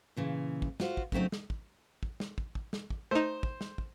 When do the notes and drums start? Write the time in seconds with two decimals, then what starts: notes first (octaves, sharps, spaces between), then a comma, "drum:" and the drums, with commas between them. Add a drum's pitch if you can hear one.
0.16 A#2 C#3 E3
0.62 drum: kick
0.80 F4 F#4 C5, drum: snare
0.97 drum: kick
1.12 C#3 F#3 A3 C4 D#4, drum: kick
1.32 drum: snare
1.50 drum: kick
2.03 drum: kick
2.20 drum: snare
2.38 drum: kick
2.55 drum: kick
2.73 drum: snare
2.90 drum: kick
3.11 A3 D#4 C5
3.43 drum: kick
3.61 drum: snare
3.78 drum: kick